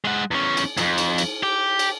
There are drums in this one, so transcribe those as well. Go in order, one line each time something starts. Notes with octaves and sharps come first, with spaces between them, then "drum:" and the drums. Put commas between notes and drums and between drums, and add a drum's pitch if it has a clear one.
G#3 F#5
E2 C#4
drum: cymbal
F2 G#2, drum: cymbal
drum: cymbal
drum: cymbal
G4
drum: cymbal